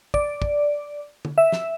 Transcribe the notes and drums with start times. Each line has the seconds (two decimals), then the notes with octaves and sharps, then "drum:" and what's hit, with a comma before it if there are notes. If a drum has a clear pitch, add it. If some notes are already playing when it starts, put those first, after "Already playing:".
0.14 D5, drum: kick
0.42 drum: kick
1.25 drum: tom
1.38 E5
1.52 drum: snare